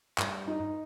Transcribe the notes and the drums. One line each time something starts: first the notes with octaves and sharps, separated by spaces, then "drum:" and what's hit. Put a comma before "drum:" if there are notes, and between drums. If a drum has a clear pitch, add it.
G2, drum: clap
D#4